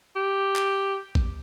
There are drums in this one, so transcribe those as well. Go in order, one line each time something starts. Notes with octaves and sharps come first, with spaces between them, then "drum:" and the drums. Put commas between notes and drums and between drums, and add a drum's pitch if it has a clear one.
G4
drum: clap
drum: kick A1